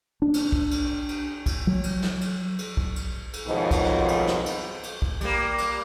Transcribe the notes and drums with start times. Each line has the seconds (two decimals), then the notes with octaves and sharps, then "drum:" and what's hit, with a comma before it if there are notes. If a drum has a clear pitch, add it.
0.22 D4
0.34 drum: cymbal
0.52 drum: kick
0.71 drum: cymbal
1.09 drum: cymbal
1.46 drum: kick, cymbal
1.67 F#3
1.84 drum: cymbal
2.02 drum: snare
2.21 drum: cymbal
2.58 drum: cymbal
2.77 drum: kick
2.96 drum: cymbal
3.33 drum: cymbal
3.47 F2 G#2 B2 D#3 F3 F#3
3.71 drum: kick, cymbal
4.08 drum: cymbal
4.27 drum: snare
4.46 drum: cymbal
4.83 drum: cymbal
5.02 drum: kick
5.21 G3 A#3, drum: cymbal
5.58 drum: cymbal